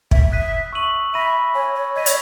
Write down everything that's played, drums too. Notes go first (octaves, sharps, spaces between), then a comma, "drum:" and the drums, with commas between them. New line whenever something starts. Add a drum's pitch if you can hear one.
E5, drum: kick
E5 D#6 F#6 B6 D#7
C#6 E6 B6 D#7 F#7
E5 B5 E6 A#6 D#7 F#7
C#5 G#5 B5 E6
C#5
D#5 E6 G#6 B6 D#7
C#5, drum: hi-hat